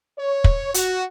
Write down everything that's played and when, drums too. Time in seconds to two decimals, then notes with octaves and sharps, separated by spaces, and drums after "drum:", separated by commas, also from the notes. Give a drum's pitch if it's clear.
0.19 C#5
0.44 drum: kick
0.74 F#4, drum: hi-hat